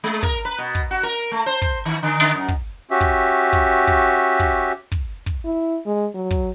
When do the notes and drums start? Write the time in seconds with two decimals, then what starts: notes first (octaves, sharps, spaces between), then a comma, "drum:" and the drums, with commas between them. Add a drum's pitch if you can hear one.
0.04 G#3
0.23 A#4, drum: kick, hi-hat
0.45 B4
0.58 B2, drum: hi-hat
0.75 drum: kick, hi-hat
0.91 F#4
1.03 A#4
1.32 A3
1.46 C5, drum: hi-hat
1.62 drum: kick, hi-hat
1.85 D#3
2.03 D3
2.21 D3
2.35 F#2
2.48 drum: kick, hi-hat
2.91 C#4 F#4 G4 E5
3.01 drum: kick, hi-hat
3.18 drum: hi-hat
3.35 drum: hi-hat
3.53 drum: kick, hi-hat
3.87 drum: kick, hi-hat
4.22 drum: hi-hat
4.39 drum: kick, hi-hat
4.57 drum: hi-hat
4.74 drum: hi-hat
4.92 drum: kick, hi-hat
5.26 drum: kick, hi-hat
5.45 E4
5.61 drum: hi-hat
5.86 G#3
5.96 drum: hi-hat
6.15 F#3, drum: hi-hat
6.31 drum: kick, hi-hat